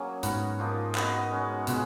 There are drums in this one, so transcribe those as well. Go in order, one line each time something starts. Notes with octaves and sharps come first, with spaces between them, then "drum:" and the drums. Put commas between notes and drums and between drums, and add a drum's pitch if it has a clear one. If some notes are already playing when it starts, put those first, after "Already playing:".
Already playing: F#3 A#3 C#4 G#4
G#2 B3 F#4 A#4, drum: hi-hat
F3 A#3 D#4 A#4
B3 F#4 A#4 D#5, drum: clap
G#3 C#4 F#4
B2 G#3 B3 F4, drum: hi-hat